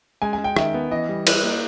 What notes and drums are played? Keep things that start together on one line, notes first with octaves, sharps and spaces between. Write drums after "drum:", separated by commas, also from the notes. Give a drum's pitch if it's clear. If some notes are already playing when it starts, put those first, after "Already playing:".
G#3 G#5
G#5
G#3
G5
D#3 E5, drum: rim click
B3
E3 D#5
G3
E4, drum: cymbal
A#3